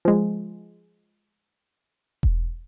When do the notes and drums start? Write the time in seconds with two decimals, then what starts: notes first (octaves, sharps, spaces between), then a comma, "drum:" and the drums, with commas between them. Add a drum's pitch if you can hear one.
0.05 F3 G#3
2.23 drum: kick E1